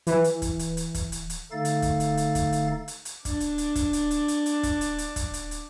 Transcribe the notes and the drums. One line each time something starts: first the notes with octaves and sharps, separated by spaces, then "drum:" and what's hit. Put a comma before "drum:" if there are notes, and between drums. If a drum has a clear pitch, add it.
E3, drum: hi-hat
drum: hi-hat
drum: kick, hi-hat
drum: hi-hat
drum: hi-hat
drum: kick, hi-hat
drum: hi-hat
drum: hi-hat
D3 A3 D#4 A4 F5 A6
drum: hi-hat
drum: kick, hi-hat
drum: hi-hat
drum: hi-hat
drum: kick, hi-hat
drum: hi-hat
drum: hi-hat
drum: hi-hat
D4 D6, drum: kick, hi-hat
drum: hi-hat
drum: hi-hat
drum: kick, hi-hat
drum: hi-hat
drum: hi-hat
drum: hi-hat
drum: hi-hat
drum: kick, hi-hat
drum: hi-hat
drum: hi-hat
drum: kick, hi-hat
drum: hi-hat
drum: hi-hat